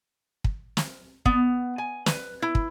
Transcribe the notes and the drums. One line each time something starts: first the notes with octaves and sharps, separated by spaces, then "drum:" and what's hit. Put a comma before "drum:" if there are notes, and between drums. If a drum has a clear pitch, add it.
drum: kick
drum: snare
B3, drum: kick
G#5
B4, drum: snare
E4
drum: kick